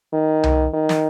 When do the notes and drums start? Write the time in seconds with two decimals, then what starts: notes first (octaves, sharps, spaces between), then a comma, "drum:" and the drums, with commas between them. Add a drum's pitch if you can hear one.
0.13 D#3
0.43 drum: tom C2
0.74 D#3
0.89 drum: snare